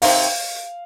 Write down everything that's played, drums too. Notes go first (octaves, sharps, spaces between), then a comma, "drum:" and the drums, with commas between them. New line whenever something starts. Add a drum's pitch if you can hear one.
C3 D#3 C4 F5, drum: open hi-hat